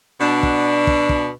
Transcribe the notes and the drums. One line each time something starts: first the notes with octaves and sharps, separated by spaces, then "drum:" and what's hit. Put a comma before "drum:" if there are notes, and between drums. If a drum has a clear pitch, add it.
B2 D4
drum: kick
drum: kick
drum: kick